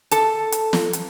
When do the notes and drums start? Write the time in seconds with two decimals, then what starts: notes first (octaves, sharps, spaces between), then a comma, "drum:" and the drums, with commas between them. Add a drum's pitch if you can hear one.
0.11 A4 A5, drum: hi-hat
0.52 drum: hi-hat
0.73 drum: snare
0.93 drum: hi-hat